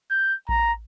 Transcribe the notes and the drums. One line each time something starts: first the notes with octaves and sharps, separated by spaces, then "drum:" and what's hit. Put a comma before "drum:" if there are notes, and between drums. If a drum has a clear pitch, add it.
G6
A#5, drum: kick A1